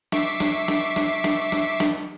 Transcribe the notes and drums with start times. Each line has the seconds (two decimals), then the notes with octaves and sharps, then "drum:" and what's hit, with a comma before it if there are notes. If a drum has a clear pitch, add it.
0.12 E5 C#6 D6 B6 C7, drum: snare
0.40 drum: snare
0.68 drum: snare
0.96 drum: snare
1.24 drum: snare
1.52 drum: snare
1.80 drum: snare